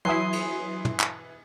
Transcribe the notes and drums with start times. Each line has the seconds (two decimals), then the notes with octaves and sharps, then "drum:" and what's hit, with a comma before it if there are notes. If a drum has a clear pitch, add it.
0.05 E3 F#3 E4 G#5 C6 D#6 C7
0.33 drum: cymbal
0.85 drum: tom
1.00 drum: clap